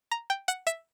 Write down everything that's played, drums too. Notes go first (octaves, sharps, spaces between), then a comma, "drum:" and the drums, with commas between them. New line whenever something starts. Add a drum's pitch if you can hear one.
A#5
G5
F#5, drum: hi-hat
E5, drum: hi-hat